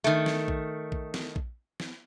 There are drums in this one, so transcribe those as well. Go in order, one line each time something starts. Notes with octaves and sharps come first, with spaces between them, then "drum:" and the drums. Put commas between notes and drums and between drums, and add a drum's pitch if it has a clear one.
D#3 A3
drum: snare
drum: kick A#1
drum: kick A#1
drum: snare
drum: kick A#1
drum: snare